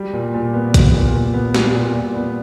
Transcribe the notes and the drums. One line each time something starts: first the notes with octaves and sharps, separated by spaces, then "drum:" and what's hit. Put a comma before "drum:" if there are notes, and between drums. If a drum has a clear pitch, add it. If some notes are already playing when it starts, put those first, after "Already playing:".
Already playing: G3
A#2
A#2
B3
G3, drum: kick A#1, hi-hat
A#2
A#2
B3
G3, drum: snare
A#2
A#2
B3